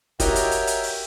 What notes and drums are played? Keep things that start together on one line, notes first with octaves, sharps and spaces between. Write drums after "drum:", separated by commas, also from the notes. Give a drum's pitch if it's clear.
F#4 G4 A#4 C#5 D#5 E5 G5 A#5, drum: kick, hi-hat
drum: hi-hat
drum: hi-hat
drum: hi-hat
drum: open hi-hat